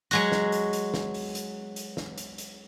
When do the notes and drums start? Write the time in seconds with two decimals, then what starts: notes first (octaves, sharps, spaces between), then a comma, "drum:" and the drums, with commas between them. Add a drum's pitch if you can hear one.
0.11 F#3 G#3 F#4, drum: hi-hat
0.32 drum: snare
0.52 drum: hi-hat
0.73 drum: hi-hat
0.94 drum: snare
1.14 drum: open hi-hat
1.35 drum: hi-hat
1.76 drum: hi-hat
1.97 drum: snare
2.18 drum: hi-hat
2.38 drum: hi-hat